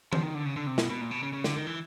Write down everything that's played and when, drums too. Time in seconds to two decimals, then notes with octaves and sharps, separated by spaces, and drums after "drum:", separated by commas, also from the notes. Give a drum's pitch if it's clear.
0.13 F3, drum: tom D#3
0.23 D#3
0.35 D3
0.45 C#3
0.57 D3
0.67 C3
0.78 B2, drum: snare
0.90 B2
1.01 A#2
1.11 B2
1.23 C#3
1.33 C#3
1.44 D3, drum: snare
1.56 D#3
1.67 E3